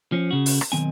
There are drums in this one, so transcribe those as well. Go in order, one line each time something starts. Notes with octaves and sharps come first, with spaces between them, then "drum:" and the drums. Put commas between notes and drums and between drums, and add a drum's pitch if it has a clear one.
F3 C#4
C#3 F#4
drum: open hi-hat
drum: rim click
B1 F2 D#3 C4 G#5